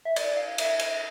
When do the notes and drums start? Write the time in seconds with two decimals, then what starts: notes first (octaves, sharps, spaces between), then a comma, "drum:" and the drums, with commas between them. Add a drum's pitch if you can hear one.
0.05 E5
0.16 D5, drum: cymbal
0.37 F5
0.58 E5, drum: cymbal
0.80 drum: cymbal